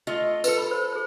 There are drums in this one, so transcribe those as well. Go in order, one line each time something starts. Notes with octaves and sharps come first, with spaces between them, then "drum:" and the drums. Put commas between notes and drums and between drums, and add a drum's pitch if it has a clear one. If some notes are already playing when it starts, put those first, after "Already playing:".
A3 F4 D#5
F4 A4 B4, drum: tambourine
B5
C5
G#4 C5